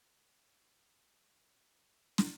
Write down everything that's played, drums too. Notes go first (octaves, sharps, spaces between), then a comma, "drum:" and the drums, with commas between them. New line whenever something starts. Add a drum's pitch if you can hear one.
G3 F#4 G#4 A#4 C#5
drum: snare